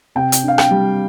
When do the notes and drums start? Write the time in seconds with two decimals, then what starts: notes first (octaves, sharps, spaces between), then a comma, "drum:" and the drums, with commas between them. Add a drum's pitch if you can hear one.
0.15 C3 G5
0.32 drum: hi-hat
0.43 D4 F5
0.58 G5, drum: rim click
0.71 G3